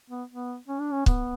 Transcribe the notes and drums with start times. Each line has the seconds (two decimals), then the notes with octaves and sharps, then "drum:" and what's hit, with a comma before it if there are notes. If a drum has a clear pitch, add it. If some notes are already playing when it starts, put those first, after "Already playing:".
0.10 B3
0.30 B3
0.68 C#4
0.80 D4
0.92 C#4
1.06 B3, drum: kick C#1